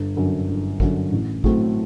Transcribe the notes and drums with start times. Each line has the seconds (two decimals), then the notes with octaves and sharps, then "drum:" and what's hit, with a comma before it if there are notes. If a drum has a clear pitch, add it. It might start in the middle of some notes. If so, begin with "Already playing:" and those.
Already playing: G1
0.17 F#2 D3
0.49 G1
0.80 F#2 D3, drum: kick G#1
1.12 A1
1.44 A2 F#3 A3 C4, drum: kick G#1